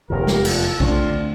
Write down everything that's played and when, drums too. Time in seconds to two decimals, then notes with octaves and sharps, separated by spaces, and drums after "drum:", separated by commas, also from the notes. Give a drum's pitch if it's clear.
0.10 F1 E2 E3 G4 A#4
0.27 drum: snare
0.45 F4 A4, drum: cymbal
0.80 D2 D3 A3 C4 D4 F4, drum: kick